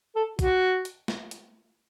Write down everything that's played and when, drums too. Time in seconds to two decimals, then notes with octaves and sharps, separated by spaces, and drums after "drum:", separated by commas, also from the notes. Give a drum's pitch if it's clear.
0.16 A4
0.39 F#4, drum: kick, hi-hat
0.85 drum: hi-hat
1.08 drum: snare
1.31 drum: hi-hat